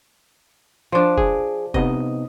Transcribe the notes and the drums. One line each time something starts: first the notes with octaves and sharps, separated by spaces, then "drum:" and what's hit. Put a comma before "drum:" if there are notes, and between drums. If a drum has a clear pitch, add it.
F3 D4
G#4, drum: kick F1
C3 B3 D#4 D#5, drum: kick F1